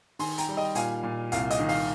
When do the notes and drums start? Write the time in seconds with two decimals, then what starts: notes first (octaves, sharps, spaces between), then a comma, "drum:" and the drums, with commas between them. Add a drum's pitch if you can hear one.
0.19 D#3 G#5 C6, drum: open hi-hat
0.38 G5 A#5, drum: hi-hat
0.48 G3
0.57 D#5 G5
0.75 A#2 F5 G#5, drum: hi-hat
1.03 A#2
1.32 C2 F5, drum: hi-hat
1.50 D#5, drum: hi-hat
1.60 D#3
1.69 F5, drum: open hi-hat